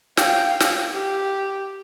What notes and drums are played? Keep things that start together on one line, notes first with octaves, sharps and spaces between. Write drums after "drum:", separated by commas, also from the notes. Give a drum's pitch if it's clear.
F5 G5, drum: snare
drum: snare
G4